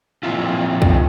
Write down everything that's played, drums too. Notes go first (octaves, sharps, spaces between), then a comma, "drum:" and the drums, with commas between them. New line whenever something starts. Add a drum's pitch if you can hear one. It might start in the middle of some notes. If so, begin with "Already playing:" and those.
A#2 F3 C4 E4 F4
drum: kick